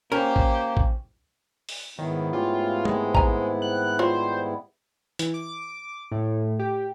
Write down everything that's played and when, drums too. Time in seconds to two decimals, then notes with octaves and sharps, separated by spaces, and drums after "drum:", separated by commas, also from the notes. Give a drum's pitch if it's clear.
0.12 A#3 C#4 G4 A#4 C5
0.36 drum: kick A1
0.77 drum: kick A1
1.69 drum: open hi-hat
1.99 G#2 D#3 B3 E4 C#5 B5
2.33 A3 C#4 F4 G4
2.85 D#3 G#3 C4 D#4, drum: tom
3.15 C4 G#5 A#5, drum: kick A1
3.62 F#6
3.99 G3 C4 F4 C5 C#5
5.19 E3, drum: hi-hat
5.34 D6
6.12 A2
6.59 G4